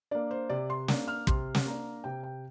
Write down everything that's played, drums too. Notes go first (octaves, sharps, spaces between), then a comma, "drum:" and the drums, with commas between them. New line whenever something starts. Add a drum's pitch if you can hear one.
A#3 D4 D5
C5
C3 D5
C6
A#3 D4, drum: snare
F6
C3 C6, drum: kick
drum: snare
A#3 D4 A#5
C3 G5
G5